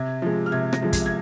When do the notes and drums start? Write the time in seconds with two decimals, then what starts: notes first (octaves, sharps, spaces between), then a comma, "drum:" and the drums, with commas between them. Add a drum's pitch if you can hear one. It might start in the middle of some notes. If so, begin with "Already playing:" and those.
Already playing: C3 G#6
0.22 F3 G#3
0.46 F6
0.52 C3 G#6
0.73 A#6, drum: rim click
0.82 F3 G#3
0.93 G#6, drum: kick, hi-hat
1.06 G#6